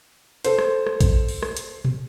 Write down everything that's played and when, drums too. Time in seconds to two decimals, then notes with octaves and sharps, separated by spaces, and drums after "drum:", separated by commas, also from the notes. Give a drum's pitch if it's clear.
0.45 A4 C5, drum: hi-hat
0.59 drum: rim click
0.87 drum: rim click
1.01 drum: kick, hi-hat
1.29 drum: open hi-hat
1.43 drum: rim click
1.57 drum: hi-hat
1.85 drum: tom A#2